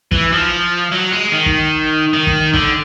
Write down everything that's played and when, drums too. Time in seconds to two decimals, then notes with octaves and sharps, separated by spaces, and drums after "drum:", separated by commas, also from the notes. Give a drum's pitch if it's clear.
0.12 E3, drum: kick
0.32 F3
0.92 F#3
1.12 G#3
1.32 D#3
1.46 drum: kick
2.13 D#3
2.27 drum: kick
2.54 D3, drum: kick